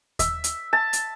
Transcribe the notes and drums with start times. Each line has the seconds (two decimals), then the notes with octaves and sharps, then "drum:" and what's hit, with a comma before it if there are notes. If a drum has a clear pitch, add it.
0.19 E5, drum: kick D#2, hi-hat
0.44 drum: hi-hat
0.73 A5
0.93 drum: hi-hat